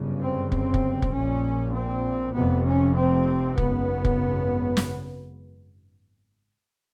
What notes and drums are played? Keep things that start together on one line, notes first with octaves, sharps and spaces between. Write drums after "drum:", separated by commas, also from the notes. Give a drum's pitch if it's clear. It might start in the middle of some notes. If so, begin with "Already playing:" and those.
Already playing: G1 F#2 C#3
C4
C4, drum: kick
drum: kick
drum: kick
A#1 A#2 C#4
C4
F1 F2 C3 B3
C#4
C4
G#1 F#2 C#3 B3, drum: kick
drum: kick
drum: snare